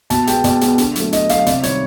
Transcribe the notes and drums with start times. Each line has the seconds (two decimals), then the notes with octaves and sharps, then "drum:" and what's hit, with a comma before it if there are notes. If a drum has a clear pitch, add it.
0.10 B2 A5, drum: hi-hat
0.27 G#3 B3 G5, drum: hi-hat
0.44 B2 D5, drum: hi-hat
0.61 G#3 B3, drum: hi-hat
0.78 D3, drum: hi-hat
0.96 F#3 A3, drum: hi-hat
1.13 D3 D#5, drum: hi-hat
1.29 F#3 A3 F5, drum: hi-hat
1.46 C3 D5, drum: hi-hat
1.63 D#3 G3 C#5, drum: hi-hat